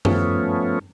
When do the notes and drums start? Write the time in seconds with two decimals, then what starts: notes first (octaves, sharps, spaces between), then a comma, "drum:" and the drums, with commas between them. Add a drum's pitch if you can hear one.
0.05 F3 A3 B3 C#4, drum: tom F#2